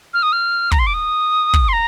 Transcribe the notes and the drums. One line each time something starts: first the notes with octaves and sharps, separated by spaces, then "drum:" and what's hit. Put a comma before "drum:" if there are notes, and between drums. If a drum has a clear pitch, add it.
F6
D#6
F6
A#5, drum: kick
C6
D6
D#6
drum: kick
C6
A#5